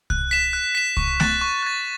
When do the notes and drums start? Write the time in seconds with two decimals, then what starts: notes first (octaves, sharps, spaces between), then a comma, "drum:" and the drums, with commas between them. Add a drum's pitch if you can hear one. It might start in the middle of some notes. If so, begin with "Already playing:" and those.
0.10 F#6, drum: kick C2
0.31 B6 E7
0.53 F#6
0.75 B6 E7
0.97 C#6, drum: kick C2
1.20 F#6 A6, drum: snare A3
1.41 C#6
1.62 F#6 A6